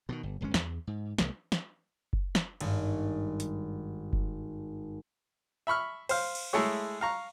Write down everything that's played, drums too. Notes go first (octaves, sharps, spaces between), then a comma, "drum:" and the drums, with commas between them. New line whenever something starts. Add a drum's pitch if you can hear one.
B2 D3 D#3
G1
D1 G1 G#3 C#4
E2, drum: snare
G#2
C2 G#3 A#3, drum: snare
drum: snare
drum: kick F#1
drum: snare
G#1 G2, drum: cymbal
drum: hi-hat
drum: kick F#1
E5 B5 C#6 F6
C5 F5, drum: cymbal
drum: cymbal
G#3 A3 E4 G#4 C#5
F5 A#5 C#6